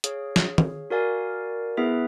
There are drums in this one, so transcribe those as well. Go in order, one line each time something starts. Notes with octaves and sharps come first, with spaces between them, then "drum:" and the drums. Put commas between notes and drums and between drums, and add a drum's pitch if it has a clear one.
G#4 C#5 F5, drum: hi-hat
drum: snare
drum: tom D#3
F#4 A#4 D5 F5 G#5
B3 E4 G#4 B4 E5